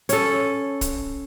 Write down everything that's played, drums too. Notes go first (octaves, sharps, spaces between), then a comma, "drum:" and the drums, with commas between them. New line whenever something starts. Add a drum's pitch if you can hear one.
C#4 A4, drum: hi-hat
drum: kick, hi-hat